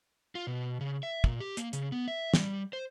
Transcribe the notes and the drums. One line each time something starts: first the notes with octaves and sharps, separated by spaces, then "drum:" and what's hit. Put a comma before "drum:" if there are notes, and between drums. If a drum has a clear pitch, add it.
F4
B2
C#3
E5
A#2, drum: kick
G4
A#3, drum: hi-hat
C#3, drum: hi-hat
B3
E5
G3, drum: snare
C5